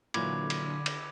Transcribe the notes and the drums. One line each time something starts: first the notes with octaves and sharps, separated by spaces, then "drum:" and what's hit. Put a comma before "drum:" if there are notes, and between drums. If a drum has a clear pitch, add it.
A#2 D3 E3 F#3 B5 D6 G#6, drum: cymbal
drum: cymbal
drum: cymbal